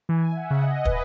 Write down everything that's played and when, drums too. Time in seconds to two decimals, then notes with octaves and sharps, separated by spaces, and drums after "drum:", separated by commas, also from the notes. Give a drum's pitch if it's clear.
0.09 E3 G#5
0.32 E5
0.37 F#5
0.51 C#3
0.64 D#5
0.85 B4, drum: kick